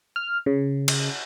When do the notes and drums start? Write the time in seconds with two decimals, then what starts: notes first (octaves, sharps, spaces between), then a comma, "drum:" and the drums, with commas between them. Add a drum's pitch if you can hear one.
0.16 F6
0.46 C#3
0.88 drum: cymbal